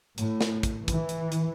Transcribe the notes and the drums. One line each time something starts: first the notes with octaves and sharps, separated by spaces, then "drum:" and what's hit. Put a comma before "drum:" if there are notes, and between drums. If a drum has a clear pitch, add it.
A2, drum: hi-hat
drum: snare
drum: kick, hi-hat
E3, drum: kick, hi-hat
drum: hi-hat
drum: hi-hat